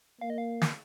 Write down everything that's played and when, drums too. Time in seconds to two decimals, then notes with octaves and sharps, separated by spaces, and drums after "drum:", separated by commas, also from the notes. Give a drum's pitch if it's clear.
0.21 A#3 F5
0.30 D#5
0.38 F5
0.61 drum: snare